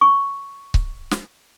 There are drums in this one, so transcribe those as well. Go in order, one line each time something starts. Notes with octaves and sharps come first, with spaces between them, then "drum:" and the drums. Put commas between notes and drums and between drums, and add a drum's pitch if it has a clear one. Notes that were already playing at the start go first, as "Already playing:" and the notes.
C#6
drum: kick C#1
drum: snare